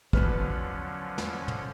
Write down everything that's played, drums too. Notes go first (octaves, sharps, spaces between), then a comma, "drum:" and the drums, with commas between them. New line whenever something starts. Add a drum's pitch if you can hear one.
E2 D3 F3 F#3 C#4 B4 F6, drum: kick
drum: snare
drum: tom